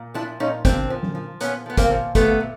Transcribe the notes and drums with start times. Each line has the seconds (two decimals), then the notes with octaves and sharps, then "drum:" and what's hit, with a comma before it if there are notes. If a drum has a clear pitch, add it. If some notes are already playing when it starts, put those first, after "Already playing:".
Already playing: A#2
0.14 F3 D4 E4
0.40 A#2 C#4 D#4
0.65 A#2 C4 D4, drum: kick, hi-hat
0.90 F3
1.03 drum: tom F#3
1.15 F3
1.40 A#2 B3 C#4, drum: hi-hat
1.66 F3 B3
1.77 A#3 C4, drum: kick, hi-hat
1.91 A#2
2.15 A#2 A3 B3, drum: kick, hi-hat
2.40 A#2